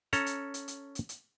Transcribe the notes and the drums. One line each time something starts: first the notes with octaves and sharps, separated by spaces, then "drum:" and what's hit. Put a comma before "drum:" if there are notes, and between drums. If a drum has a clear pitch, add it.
C#4 A4 A#5, drum: hi-hat
drum: hi-hat
drum: hi-hat
drum: hi-hat
drum: hi-hat
drum: hi-hat